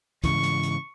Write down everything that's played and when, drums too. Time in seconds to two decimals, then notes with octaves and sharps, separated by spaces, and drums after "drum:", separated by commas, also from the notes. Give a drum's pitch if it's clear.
0.24 G#2 C#3 E3 C#6, drum: kick, hi-hat
0.43 drum: hi-hat
0.63 drum: hi-hat